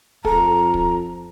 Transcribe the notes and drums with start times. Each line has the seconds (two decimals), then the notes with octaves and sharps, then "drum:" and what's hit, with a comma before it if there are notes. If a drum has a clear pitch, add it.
0.25 F2 A4 A#5, drum: kick
0.74 drum: kick